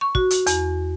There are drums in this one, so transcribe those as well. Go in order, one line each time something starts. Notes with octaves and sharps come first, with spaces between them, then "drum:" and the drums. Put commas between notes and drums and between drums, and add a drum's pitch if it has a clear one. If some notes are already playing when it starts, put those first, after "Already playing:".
C#6
F#4, drum: kick
drum: hi-hat
E2, drum: hi-hat